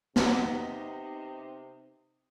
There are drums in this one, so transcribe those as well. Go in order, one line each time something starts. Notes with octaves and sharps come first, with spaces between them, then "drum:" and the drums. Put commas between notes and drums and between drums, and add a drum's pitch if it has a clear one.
C3 B3 D#4, drum: snare